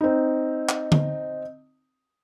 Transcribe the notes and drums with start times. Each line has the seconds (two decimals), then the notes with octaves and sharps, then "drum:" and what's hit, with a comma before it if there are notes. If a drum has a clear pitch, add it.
0.01 C4 D#4
0.69 drum: clap
0.92 drum: tom D3